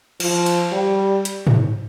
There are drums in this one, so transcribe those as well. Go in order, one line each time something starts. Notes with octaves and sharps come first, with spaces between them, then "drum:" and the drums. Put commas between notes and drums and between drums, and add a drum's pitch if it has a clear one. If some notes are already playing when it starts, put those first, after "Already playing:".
F3, drum: cymbal
drum: cymbal
G3
drum: hi-hat
drum: tom G#2